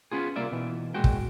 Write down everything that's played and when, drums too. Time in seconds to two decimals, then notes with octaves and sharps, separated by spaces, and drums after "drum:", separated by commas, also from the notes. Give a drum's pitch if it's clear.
0.12 B3 C#4 F4 G#4
0.36 C2 A#3 F4 D5 E5
0.52 B2 E3
0.94 A#2 G#3 F#4 G5
1.04 drum: kick